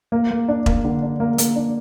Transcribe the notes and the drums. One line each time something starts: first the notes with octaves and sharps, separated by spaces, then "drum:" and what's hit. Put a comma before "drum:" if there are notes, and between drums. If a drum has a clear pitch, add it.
A#3
A#3
D4
A#3, drum: kick E1
D3
D4
A#3
A#3, drum: hi-hat
D4